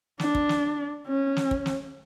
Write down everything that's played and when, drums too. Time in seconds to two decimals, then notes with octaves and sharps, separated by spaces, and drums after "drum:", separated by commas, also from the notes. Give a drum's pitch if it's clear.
0.19 D4, drum: snare
0.35 drum: kick
0.49 drum: snare
1.07 C#4
1.37 drum: snare
1.51 drum: kick
1.66 drum: snare